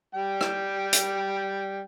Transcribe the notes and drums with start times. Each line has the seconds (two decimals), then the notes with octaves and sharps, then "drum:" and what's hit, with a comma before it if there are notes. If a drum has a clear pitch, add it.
0.15 G3 G5
0.41 drum: rim click
0.93 drum: hi-hat